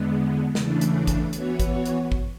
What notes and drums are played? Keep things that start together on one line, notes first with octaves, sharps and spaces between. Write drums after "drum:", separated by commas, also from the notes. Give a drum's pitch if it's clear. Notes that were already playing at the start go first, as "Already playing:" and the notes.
Already playing: E2 D3 G#3 B3
E2 C#3 E3 A3 D4, drum: snare
drum: hi-hat
drum: kick, hi-hat
E3 B3 F#4 C#5, drum: hi-hat
drum: kick, hi-hat
drum: hi-hat
drum: kick